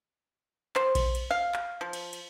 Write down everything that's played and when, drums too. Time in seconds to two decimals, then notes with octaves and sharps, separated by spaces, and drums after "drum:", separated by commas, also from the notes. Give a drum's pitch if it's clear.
0.76 C5, drum: clap
0.95 drum: kick A#1, cymbal
1.15 drum: cymbal
1.31 F5
1.54 drum: clap
1.81 F3
1.93 drum: cymbal
2.13 drum: cymbal